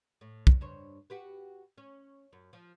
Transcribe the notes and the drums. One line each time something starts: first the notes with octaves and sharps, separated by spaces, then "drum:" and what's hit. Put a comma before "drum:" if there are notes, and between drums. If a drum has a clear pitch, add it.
A2
drum: kick
G2 C5 C#5
F#4 G4 B4
C#4
F#2
F3